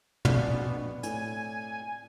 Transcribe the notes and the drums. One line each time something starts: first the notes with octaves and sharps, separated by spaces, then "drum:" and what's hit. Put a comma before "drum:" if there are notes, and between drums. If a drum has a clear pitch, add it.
A#1 B2 C4 D4 D5 F5, drum: tom
A2 G#5, drum: hi-hat